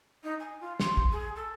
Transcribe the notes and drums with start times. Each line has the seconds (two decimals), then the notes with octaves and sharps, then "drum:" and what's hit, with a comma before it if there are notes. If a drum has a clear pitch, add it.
0.24 D#4
0.40 G#5
0.61 F4
0.80 C6, drum: snare
0.97 drum: kick
1.12 G#4
1.36 A4